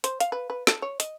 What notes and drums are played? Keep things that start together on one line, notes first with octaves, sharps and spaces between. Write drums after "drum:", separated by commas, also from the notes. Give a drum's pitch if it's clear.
C5, drum: hi-hat
F5, drum: hi-hat
B4
B4
A4, drum: snare
C#5
D#5, drum: hi-hat